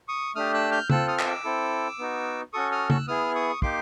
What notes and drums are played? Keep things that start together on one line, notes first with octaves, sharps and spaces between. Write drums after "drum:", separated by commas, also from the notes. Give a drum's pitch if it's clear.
C#6 D#6
A3 D4 G4 D#6 F6
E6 F#6
F6 G6
C4 F4 A4 E6 F#6, drum: tom C#3
D#6 F6
D#6, drum: clap
D6 E6
C4 E4 A4
B3 D#4 F#4
C#4 F#4 A4 C#6 D#6
D#6 F6
E6 F#6, drum: tom C#3
B3 E4 G#4 D#6 F6
C#6 D#6
A#3 D#4 G4 C6 D6, drum: kick